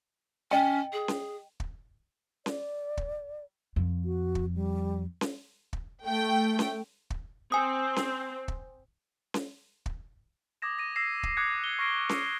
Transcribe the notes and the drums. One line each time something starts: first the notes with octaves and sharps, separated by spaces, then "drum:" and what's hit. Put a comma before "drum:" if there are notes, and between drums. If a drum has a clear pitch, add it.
C#4 D#5 G5
G#4
drum: snare C#4
drum: kick
D5, drum: snare C#4
drum: kick
F2
F#4
drum: kick
G3
drum: snare C#4
drum: kick
A3 G5
drum: snare C#4
drum: kick
C4 G#5 D#6
drum: snare C#4
drum: kick
drum: snare C#4
drum: kick
D6 D#6 G#6 A#6 E7
A#6 D#7
E6 A#6 C7 E7
drum: kick
D6 D#6 F#6 G#6 C#7
G7
C#6 F6 A#6 C7 D7
drum: snare C#4